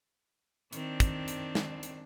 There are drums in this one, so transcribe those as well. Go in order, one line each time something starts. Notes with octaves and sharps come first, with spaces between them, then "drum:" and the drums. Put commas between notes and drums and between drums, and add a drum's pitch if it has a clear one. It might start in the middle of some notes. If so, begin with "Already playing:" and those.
D#3 C4 D4, drum: hi-hat
drum: kick, hi-hat
drum: hi-hat
drum: snare
drum: hi-hat